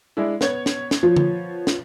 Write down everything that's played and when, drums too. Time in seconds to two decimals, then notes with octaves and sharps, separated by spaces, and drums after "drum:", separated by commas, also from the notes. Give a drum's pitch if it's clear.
0.17 G#3 D4 E4
0.41 B3 C#5 G#6, drum: snare
0.66 drum: snare
0.91 drum: snare
1.03 F3
1.16 drum: tom D3
1.67 drum: snare